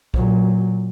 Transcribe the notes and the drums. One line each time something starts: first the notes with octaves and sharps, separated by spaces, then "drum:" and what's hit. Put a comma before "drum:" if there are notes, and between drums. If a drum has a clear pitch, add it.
A#2 F#3, drum: kick A#1